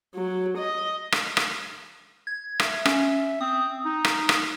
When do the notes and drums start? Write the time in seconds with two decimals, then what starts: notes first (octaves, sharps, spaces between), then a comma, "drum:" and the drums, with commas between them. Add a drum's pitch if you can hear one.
0.15 F#3
0.58 D#5
1.12 drum: rim click
1.37 drum: rim click
2.27 G#6
2.60 E5, drum: rim click
2.85 C#4, drum: rim click
3.41 C4 D#6
3.85 D#4
4.05 drum: rim click
4.29 drum: rim click